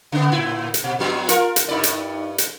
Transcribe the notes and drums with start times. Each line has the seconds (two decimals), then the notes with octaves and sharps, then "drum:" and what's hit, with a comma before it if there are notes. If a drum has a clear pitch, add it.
0.12 C#3 B3
0.32 A2 E4
0.74 drum: hi-hat
0.84 A#2
0.99 G2 F3 B3
1.29 F4 A#4, drum: hi-hat
1.56 drum: hi-hat
1.68 G2 D#4 D5
1.83 drum: hi-hat
2.38 drum: hi-hat